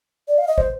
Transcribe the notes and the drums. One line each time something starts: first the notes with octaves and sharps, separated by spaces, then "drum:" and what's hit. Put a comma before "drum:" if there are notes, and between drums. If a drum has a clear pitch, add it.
D5
F5
D#5
C5, drum: kick